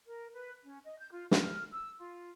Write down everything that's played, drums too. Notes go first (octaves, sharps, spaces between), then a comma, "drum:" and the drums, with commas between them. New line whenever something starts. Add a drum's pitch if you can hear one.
A#4
B4
C#4
D#5
G6
F4
F6, drum: snare
E6
F4